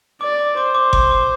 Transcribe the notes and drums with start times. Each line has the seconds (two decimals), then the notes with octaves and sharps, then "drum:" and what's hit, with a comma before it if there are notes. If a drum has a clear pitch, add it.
0.21 D5 D6
0.39 D6
0.56 C5 D6
0.75 D6
0.93 D6, drum: kick G1
1.11 D6